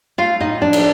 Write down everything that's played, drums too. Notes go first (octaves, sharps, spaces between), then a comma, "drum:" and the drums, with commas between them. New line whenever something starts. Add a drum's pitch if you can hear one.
A3 F4 F5
A2 D#4 D#5
F3 D4 D5
drum: cymbal